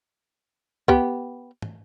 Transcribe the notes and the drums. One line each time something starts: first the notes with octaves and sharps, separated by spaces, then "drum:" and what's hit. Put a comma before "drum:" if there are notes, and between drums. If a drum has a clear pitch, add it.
B3 G4, drum: kick
drum: tom